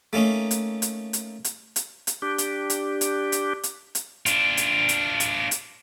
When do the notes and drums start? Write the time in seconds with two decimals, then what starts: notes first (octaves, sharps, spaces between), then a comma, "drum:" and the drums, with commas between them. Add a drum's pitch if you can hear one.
0.13 A3 A#3 C#4 D#4
0.51 drum: hi-hat
0.82 drum: hi-hat
1.13 drum: hi-hat
1.44 drum: hi-hat
1.76 drum: hi-hat
2.07 drum: hi-hat
2.22 D4 G4
2.38 drum: hi-hat
2.70 drum: hi-hat
3.01 drum: hi-hat
3.32 drum: hi-hat
3.63 drum: hi-hat
3.95 drum: hi-hat
4.26 D4 F4, drum: hi-hat
4.57 drum: hi-hat
4.89 drum: hi-hat
5.20 drum: hi-hat
5.51 drum: hi-hat